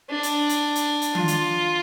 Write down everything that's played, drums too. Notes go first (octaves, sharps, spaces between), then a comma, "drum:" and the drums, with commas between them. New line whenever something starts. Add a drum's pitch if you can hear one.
D4
drum: hi-hat
drum: hi-hat
drum: hi-hat
drum: hi-hat
F4, drum: tom D#3
drum: hi-hat